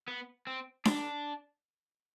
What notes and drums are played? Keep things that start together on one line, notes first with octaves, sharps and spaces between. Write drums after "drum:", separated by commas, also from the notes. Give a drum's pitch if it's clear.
B3
C4
D4, drum: snare D4